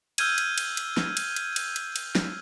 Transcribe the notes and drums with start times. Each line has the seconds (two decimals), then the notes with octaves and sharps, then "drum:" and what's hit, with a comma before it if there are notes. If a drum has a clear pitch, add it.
0.18 E6 F6 G6 G#6 D#7, drum: cymbal
0.38 drum: cymbal
0.58 drum: cymbal
0.77 drum: cymbal
0.97 drum: snare
1.17 drum: cymbal
1.36 drum: cymbal
1.56 drum: cymbal
1.76 drum: cymbal
1.96 drum: cymbal
2.15 drum: snare